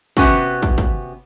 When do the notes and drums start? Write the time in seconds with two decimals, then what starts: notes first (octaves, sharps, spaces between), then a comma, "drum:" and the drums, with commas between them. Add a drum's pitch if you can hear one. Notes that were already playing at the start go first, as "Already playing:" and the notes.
0.17 C3 B3 C#4 F#4, drum: kick
0.63 drum: kick
0.78 drum: kick